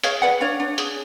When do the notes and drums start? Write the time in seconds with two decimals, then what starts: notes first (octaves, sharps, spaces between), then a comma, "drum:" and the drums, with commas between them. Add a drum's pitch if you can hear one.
0.04 G#4 C#5 F5, drum: hi-hat
0.22 B4 D5 F#5
0.41 D4 C#5 F5
0.60 D4
0.78 G#4, drum: hi-hat